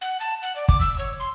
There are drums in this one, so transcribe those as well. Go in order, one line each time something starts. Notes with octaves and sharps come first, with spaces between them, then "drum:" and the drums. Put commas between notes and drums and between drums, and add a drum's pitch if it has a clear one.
F#5
A5
F#5
D5
D6, drum: kick
E6
C#5
C6